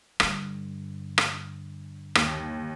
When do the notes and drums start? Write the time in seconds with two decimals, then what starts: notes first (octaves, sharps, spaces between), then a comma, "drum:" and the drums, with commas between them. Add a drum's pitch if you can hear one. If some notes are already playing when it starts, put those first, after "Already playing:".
0.20 G2 D3, drum: rim click
1.18 drum: rim click
2.15 D#2, drum: rim click